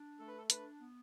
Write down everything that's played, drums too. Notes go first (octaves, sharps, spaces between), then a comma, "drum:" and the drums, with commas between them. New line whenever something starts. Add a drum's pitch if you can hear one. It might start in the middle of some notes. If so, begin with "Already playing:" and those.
Already playing: D4
A3 A4
B4
A4
D4 B4, drum: hi-hat
B3